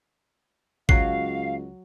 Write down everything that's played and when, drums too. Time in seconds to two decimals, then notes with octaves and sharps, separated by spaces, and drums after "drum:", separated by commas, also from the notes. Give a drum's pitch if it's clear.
0.89 C#2 F#3 F#4 F5 C7, drum: kick G#1